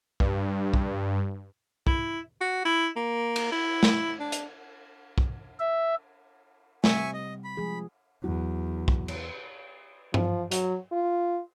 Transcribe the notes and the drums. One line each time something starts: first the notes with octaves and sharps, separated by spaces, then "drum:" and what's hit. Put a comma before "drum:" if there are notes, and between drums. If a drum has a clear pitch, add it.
G2, drum: kick
drum: kick
E4, drum: kick
F#4
E4
A#3
drum: cymbal
E4
drum: snare
D4
drum: hi-hat
drum: kick
E5
C3 G3 C4 E5 G#5 C#6, drum: snare
D#5
B5
F3 G#3 G#4
E2 F#3
drum: kick
drum: cymbal
F3, drum: tom G2
F#3, drum: hi-hat
F4